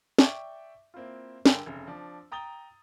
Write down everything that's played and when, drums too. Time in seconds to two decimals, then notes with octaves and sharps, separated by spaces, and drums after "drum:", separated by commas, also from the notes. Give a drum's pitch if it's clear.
0.19 D5 E5 G5 C#6 D6, drum: snare
0.94 A#3 C4 E4 F4
1.46 G2 D3 G#4 A#4 G5 E6, drum: snare
1.66 F1 C#3
1.87 F3 D4
2.32 G5 A#5 D#6 A6 G7